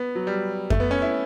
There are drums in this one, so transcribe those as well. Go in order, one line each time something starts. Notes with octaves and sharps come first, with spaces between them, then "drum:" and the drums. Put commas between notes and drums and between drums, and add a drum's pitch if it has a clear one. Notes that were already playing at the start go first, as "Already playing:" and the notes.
Already playing: B3
F#3
G3
A3, drum: kick F2
B3
C#4
E4